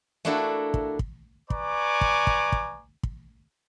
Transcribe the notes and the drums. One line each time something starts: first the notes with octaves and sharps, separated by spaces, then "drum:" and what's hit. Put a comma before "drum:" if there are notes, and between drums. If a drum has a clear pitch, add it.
A3 A#3 D4 E4 F#4 A4
drum: kick
drum: kick
B4 D5 G#5 A#5 C#6 D6, drum: kick
drum: kick
drum: kick
drum: kick
drum: kick